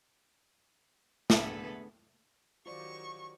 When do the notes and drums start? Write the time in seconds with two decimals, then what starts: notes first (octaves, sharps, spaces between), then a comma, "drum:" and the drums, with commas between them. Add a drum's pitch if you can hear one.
1.30 D3 A3 B3 G#4 A4 B4, drum: snare
2.66 D#3 F#3 F4 G4 C5 D5 C#6